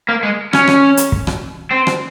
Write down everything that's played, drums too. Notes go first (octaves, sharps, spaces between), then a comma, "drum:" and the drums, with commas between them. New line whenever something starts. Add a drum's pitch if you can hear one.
A#3
G#3
C#4, drum: rim click
drum: rim click
drum: hi-hat
drum: kick
drum: rim click
C4
drum: rim click